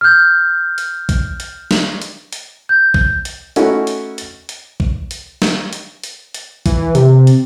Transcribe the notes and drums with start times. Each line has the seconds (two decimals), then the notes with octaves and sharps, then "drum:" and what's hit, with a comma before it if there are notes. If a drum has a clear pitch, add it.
0.01 F6 G6
0.78 drum: hi-hat
1.09 drum: kick, hi-hat
1.40 drum: hi-hat
1.71 drum: snare
2.02 drum: hi-hat
2.33 drum: hi-hat
2.69 G6
2.94 drum: kick
3.25 drum: hi-hat
3.56 A3 C#4 D#4 E4 F#4, drum: hi-hat
3.87 drum: hi-hat
4.18 drum: hi-hat
4.49 drum: hi-hat
4.80 drum: kick
5.11 drum: hi-hat
5.42 drum: snare
5.73 drum: hi-hat
6.04 drum: hi-hat
6.34 drum: hi-hat
6.66 E3, drum: kick, hi-hat
6.95 C3, drum: hi-hat
7.27 drum: hi-hat